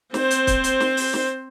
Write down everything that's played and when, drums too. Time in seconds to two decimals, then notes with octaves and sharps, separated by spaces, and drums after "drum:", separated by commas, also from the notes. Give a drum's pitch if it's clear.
0.14 C4 C5, drum: snare
0.31 drum: hi-hat
0.47 drum: kick, hi-hat
0.64 drum: hi-hat
0.80 drum: snare
0.97 drum: open hi-hat
1.14 drum: snare